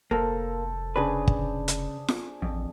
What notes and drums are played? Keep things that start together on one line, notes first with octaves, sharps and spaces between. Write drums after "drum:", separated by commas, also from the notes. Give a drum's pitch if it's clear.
F1 A#3 A4 C5
C#3 D4 G#4 B4 C5
drum: kick
drum: hi-hat
drum: snare F4
A1 F2